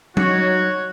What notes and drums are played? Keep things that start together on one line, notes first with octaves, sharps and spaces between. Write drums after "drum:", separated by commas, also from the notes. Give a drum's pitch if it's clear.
F#3 D#4 F#4 C#5, drum: tom F#3